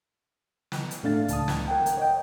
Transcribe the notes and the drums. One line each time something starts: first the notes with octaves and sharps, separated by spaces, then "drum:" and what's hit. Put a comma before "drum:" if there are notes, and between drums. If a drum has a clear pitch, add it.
drum: snare
drum: hi-hat
A2 A3 D4 F5 A6
C#2 A5 D#6, drum: hi-hat
G#6, drum: snare
A#4 F#5 G5
drum: hi-hat
C#5 D#5 G5